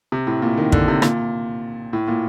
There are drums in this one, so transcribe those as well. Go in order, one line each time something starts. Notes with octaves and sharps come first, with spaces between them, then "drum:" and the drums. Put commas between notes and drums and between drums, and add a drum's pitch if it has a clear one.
C3
A2
A#2
D#3
D3, drum: kick
C3
A#2, drum: rim click
A2
A#2